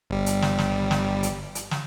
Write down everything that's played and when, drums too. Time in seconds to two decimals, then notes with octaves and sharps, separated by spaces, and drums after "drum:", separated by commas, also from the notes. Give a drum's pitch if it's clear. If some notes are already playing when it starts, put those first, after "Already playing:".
0.10 G1 G3
0.26 drum: hi-hat
0.42 drum: snare
0.58 drum: snare
0.91 drum: snare
1.23 drum: hi-hat
1.55 drum: hi-hat
1.71 drum: snare